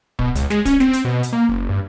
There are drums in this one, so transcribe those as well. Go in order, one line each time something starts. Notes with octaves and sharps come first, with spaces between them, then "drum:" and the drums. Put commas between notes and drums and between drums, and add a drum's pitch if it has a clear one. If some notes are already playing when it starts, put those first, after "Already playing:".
B2, drum: kick D1
C#2, drum: hi-hat
G#3, drum: snare
C#4, drum: kick D1, hi-hat
C4, drum: snare
drum: hi-hat
B2
drum: hi-hat
A#3
F#1
G2